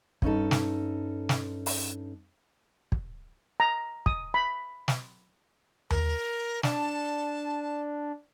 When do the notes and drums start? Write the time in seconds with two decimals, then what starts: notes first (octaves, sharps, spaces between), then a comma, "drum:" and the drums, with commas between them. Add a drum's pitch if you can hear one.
0.22 G2 C#4 D#4 A4, drum: kick
0.51 drum: snare
1.29 drum: snare
1.66 drum: open hi-hat
2.92 drum: kick
3.60 A#5
4.06 D#6, drum: kick
4.34 B5
4.88 drum: snare
5.90 A#4, drum: tom D#2
6.63 D4 A5, drum: snare